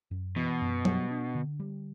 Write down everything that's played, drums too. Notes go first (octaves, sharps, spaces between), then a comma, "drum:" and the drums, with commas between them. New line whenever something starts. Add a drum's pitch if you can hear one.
F#2
B2 E3
F#2
G3, drum: tom F#3
D4
D3
G3